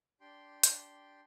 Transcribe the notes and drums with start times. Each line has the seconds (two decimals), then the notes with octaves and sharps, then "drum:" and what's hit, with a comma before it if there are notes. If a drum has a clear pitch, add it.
0.21 D4 G4 G5 C6
0.63 drum: hi-hat